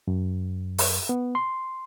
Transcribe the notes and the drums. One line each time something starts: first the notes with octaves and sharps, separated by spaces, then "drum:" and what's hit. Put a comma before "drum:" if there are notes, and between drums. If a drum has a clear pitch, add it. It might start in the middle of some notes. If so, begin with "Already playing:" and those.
F#2
drum: open hi-hat
B3
C6